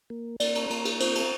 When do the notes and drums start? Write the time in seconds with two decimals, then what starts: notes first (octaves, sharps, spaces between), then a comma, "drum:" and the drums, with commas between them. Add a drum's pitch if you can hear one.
0.10 A#3
0.40 A#3 D5, drum: cymbal
0.55 drum: cymbal
0.70 A#3, drum: cymbal
0.85 drum: cymbal
1.00 C4 C5, drum: cymbal
1.15 drum: cymbal